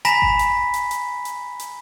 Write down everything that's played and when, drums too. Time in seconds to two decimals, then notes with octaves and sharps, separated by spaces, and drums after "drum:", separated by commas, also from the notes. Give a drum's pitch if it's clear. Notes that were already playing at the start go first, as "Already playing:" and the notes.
0.05 G#5 A#5 B5 A#6 B6 E7, drum: hi-hat
0.22 drum: kick G#1
0.39 drum: hi-hat
0.74 drum: hi-hat
0.91 drum: hi-hat
1.25 drum: hi-hat
1.59 drum: hi-hat